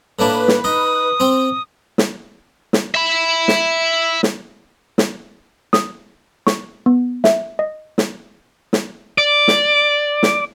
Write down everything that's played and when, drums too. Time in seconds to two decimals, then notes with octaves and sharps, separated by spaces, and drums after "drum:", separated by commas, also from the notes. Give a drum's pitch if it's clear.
0.19 A2 A#3 D4 B4
0.48 drum: snare
0.64 D#4 D#6
1.20 C4 G5
1.98 drum: snare
2.73 drum: snare
2.95 E5 B5
3.48 drum: snare
4.23 drum: snare
4.98 drum: snare
5.73 D#6, drum: snare
6.47 C#6, drum: snare
6.86 B3
7.24 E5, drum: snare
7.59 D#5
7.98 drum: snare
8.73 drum: snare
9.18 D5
9.48 drum: snare
10.23 drum: snare